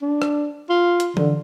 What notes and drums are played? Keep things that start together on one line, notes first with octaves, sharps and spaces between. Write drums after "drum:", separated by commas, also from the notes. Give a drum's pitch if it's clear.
D4
drum: rim click
F4
drum: hi-hat
D3, drum: tom E3